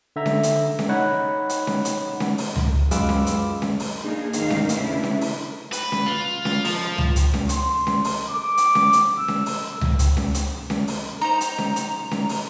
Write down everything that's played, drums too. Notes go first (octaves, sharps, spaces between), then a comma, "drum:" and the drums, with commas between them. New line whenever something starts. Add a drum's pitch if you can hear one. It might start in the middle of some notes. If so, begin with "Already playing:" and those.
D3 E5 A#5
drum: snare C#4
drum: hi-hat
drum: snare C#4
D#4 C#5 F#5 B5
drum: hi-hat
drum: snare C#4
drum: hi-hat
drum: snare C#4
drum: open hi-hat
drum: tom C#2
F#2 G#3 F4 B4 D6 E6, drum: hi-hat
drum: snare C#4
drum: hi-hat
drum: snare C#4
drum: open hi-hat
A#3 D4 D#4 F4 G#4
D#2 A2 D#3 D#4 F5, drum: hi-hat
drum: snare C#4
C#3 A3 D4 E4 B4, drum: hi-hat
drum: snare C#4
drum: open hi-hat
B4, drum: hi-hat
drum: snare C#4
F4
drum: snare C#4
F3, drum: open hi-hat
drum: tom C#2
drum: hi-hat
drum: snare C#4
C6, drum: hi-hat
drum: snare C#4
drum: open hi-hat
D6
drum: hi-hat
drum: snare C#4
drum: hi-hat
E6
drum: snare C#4
drum: open hi-hat
drum: tom C#2
drum: hi-hat
drum: snare C#4
drum: hi-hat
drum: snare C#4
drum: open hi-hat
D#4 C5 A#5
drum: hi-hat
drum: snare C#4
drum: hi-hat
drum: snare C#4
drum: open hi-hat